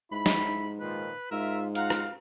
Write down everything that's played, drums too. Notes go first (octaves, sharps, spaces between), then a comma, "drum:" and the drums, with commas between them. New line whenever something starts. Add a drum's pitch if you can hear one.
G#2 E4 B5
drum: snare
A#2 D#3 F3 B4
G#2 F4 A#4 E5
F4 F5 F#5 A#5, drum: hi-hat
drum: rim click